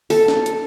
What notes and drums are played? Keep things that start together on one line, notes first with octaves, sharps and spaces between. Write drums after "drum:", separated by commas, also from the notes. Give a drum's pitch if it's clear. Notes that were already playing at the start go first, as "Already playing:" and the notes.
A4, drum: open hi-hat
drum: snare
drum: hi-hat